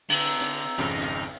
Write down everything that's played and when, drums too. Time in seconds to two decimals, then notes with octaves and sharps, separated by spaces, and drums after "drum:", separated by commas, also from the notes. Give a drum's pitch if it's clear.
0.10 D3 A#5 E6, drum: cymbal
0.41 drum: hi-hat
0.78 G#1 F2 C#3 D#4, drum: hi-hat
1.01 drum: hi-hat